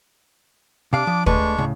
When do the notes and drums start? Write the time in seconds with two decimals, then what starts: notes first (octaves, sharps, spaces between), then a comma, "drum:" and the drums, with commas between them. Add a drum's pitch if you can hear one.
0.93 C3 D4 F5 D6
1.07 F3
1.26 G#3 A3 D4 B4 C#6, drum: kick
1.58 A2 C#3